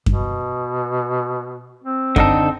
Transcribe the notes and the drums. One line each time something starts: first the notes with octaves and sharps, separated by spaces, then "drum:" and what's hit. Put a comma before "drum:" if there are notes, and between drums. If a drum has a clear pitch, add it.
B2, drum: kick F#2
C4
D3 D#4 A4, drum: kick F#2